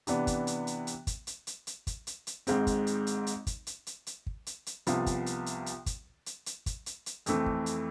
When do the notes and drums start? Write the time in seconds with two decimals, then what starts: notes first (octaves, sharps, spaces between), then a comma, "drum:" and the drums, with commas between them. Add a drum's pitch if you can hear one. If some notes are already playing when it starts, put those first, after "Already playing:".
0.07 C3 E3 B3 D4, drum: hi-hat
0.27 drum: kick, hi-hat
0.47 drum: hi-hat
0.67 drum: hi-hat
0.87 drum: hi-hat
1.07 drum: kick, hi-hat
1.27 drum: hi-hat
1.47 drum: hi-hat
1.67 drum: hi-hat
1.87 drum: kick, hi-hat
2.07 drum: hi-hat
2.27 drum: hi-hat
2.47 G#1 G#2 G#3 C4, drum: hi-hat
2.67 drum: kick, hi-hat
2.87 drum: hi-hat
3.07 drum: hi-hat
3.27 drum: hi-hat
3.47 drum: kick, hi-hat
3.67 drum: hi-hat
3.87 drum: hi-hat
4.07 drum: hi-hat
4.27 drum: kick
4.46 drum: hi-hat
4.66 drum: hi-hat
4.87 C2 C3 F3 B3, drum: hi-hat
5.06 drum: kick, hi-hat
5.26 drum: hi-hat
5.46 drum: hi-hat
5.66 drum: hi-hat
5.86 drum: kick, hi-hat
6.26 drum: hi-hat
6.46 drum: hi-hat
6.66 drum: kick, hi-hat
6.86 drum: hi-hat
7.06 drum: hi-hat
7.26 F2 E3 A3 C4, drum: hi-hat
7.46 drum: kick
7.66 drum: hi-hat